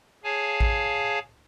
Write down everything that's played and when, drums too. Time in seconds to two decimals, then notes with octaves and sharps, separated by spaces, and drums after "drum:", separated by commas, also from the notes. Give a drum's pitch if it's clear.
0.24 G#4 C#5 F5 G#5 A5
0.60 drum: kick A1